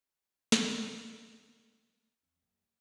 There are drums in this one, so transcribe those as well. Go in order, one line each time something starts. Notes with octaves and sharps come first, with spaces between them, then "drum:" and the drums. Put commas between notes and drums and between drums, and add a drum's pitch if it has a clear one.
drum: snare
A#2
C#2 C#3 G3
A#4 D#7
E2 F3 C4 C#6 E6 D#7
F1 F#2 E3 G3 A#3